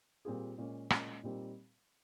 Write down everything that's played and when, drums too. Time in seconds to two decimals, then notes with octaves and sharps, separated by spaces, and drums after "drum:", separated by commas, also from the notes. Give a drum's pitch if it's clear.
0.25 A#2 G3 C4 F4 G#4
0.58 A#2 G#3 C#4
0.90 A#2 G#3 C#4, drum: rim click
1.23 A#2 G3 C4 D#4